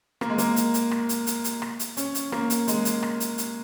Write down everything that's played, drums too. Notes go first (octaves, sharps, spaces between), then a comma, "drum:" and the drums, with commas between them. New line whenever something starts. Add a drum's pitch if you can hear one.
A#3, drum: rim click
G#3
A#3, drum: hi-hat
drum: hi-hat
drum: hi-hat
drum: rim click
drum: hi-hat
drum: hi-hat
drum: hi-hat
drum: rim click
drum: hi-hat
C#4, drum: hi-hat
drum: hi-hat
A#3, drum: rim click
drum: hi-hat
G#3, drum: hi-hat
drum: hi-hat
drum: rim click
drum: hi-hat
drum: hi-hat